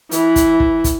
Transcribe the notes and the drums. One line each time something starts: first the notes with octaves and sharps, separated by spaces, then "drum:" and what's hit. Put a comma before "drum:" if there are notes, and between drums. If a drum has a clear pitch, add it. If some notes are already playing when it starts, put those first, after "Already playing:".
E3, drum: hi-hat
drum: kick, hi-hat
drum: kick
drum: kick, hi-hat